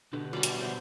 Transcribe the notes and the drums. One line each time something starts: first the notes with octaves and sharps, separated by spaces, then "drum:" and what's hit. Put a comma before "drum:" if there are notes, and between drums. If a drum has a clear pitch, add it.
B2 D3 G4 B4
E2 F#3 G3 A5 B5
drum: hi-hat
C5 E5